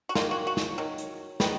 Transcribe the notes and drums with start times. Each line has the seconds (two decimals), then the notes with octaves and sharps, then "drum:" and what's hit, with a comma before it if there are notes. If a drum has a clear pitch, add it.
0.09 F#4
0.15 D#3 F#3 A#3 F4, drum: snare
0.31 F#4
0.47 F#4
0.57 drum: snare
0.78 D#3 F#3
0.98 drum: hi-hat
1.40 D#3 G3 B3, drum: snare